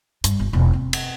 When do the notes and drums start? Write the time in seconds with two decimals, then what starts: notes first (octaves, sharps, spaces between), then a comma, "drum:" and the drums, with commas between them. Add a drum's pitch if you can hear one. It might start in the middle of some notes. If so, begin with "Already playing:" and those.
0.24 G2, drum: hi-hat
0.39 G1
0.53 E1
0.73 C4
0.93 drum: cymbal